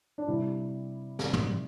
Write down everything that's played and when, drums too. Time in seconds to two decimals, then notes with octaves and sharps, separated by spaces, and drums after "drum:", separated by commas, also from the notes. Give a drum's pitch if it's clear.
0.18 D4
0.27 C3 G3 E4
1.19 C3 G3, drum: snare
1.33 drum: tom